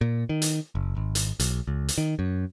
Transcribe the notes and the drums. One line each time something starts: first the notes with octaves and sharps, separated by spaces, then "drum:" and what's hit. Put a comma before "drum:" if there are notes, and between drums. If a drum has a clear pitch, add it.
A#2
D#3
drum: hi-hat
F#1
G#1
drum: hi-hat
B1, drum: hi-hat
C#2
drum: hi-hat
D#3
F#2